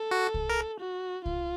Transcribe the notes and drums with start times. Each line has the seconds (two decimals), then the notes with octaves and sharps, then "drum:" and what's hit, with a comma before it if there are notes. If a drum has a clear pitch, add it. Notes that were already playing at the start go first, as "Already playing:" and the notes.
Already playing: A4
0.11 F#4
0.34 drum: kick C2
0.49 A#4
0.80 F#4
1.26 F4, drum: kick C2